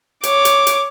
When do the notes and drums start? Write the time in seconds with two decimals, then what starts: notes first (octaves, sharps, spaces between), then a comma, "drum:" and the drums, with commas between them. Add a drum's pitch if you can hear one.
0.23 C#5 D6, drum: hi-hat
0.45 drum: hi-hat
0.67 drum: hi-hat